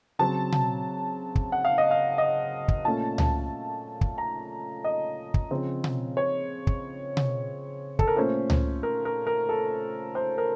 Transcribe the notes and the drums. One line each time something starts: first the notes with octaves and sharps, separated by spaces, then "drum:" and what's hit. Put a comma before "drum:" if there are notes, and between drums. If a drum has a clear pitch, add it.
C#3 F#3 C4 A5
drum: tom B2
drum: kick
F#5
F5
D#5
F5
D#5
drum: kick
A#2 A3 C#4 A5
drum: tom C#2
drum: kick
A#5
D#5
drum: kick
C#3 F3 C4
drum: tom B2
C#5
drum: kick
drum: tom B2
A4, drum: kick
A#4
A#2 A3 C#4 C5
drum: tom C#2
A#4
A#4
A#4
A4
C5
A#4